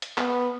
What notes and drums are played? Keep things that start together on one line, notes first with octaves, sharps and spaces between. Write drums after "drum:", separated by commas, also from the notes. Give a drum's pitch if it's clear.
drum: hi-hat
B3, drum: clap